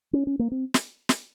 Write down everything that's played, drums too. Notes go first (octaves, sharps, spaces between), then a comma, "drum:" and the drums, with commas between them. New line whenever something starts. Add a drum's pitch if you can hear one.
C#4
C#4
A#3
C4
drum: snare
drum: snare